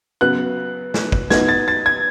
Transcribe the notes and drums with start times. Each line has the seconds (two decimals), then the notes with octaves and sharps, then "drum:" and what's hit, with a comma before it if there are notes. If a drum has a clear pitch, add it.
0.21 C#3 F#3 B3 F#6
0.94 drum: snare
1.12 drum: kick
1.30 B3 D#4 F#4 B4 D#5 G#6, drum: snare
1.48 A6
1.68 A6
1.86 G#6